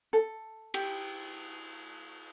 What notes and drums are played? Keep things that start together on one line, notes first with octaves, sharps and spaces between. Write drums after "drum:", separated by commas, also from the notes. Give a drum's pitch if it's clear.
A4
G4, drum: cymbal